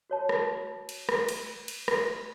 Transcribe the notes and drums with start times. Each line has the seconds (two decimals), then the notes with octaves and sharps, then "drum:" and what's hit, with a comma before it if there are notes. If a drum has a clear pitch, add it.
0.10 F#4 C#5 A5
0.29 drum: rim click
0.89 drum: cymbal
1.09 drum: rim click
1.29 drum: cymbal
1.68 drum: cymbal
1.88 drum: rim click